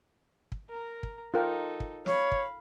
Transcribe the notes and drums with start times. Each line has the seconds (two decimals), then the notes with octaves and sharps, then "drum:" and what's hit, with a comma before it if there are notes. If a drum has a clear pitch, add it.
0.52 drum: kick
0.70 A#4 A#5
1.03 drum: kick
1.34 D#4 F4 A4 A#4 G5
1.80 drum: kick
2.06 C#5 F5 B5, drum: snare
2.32 drum: kick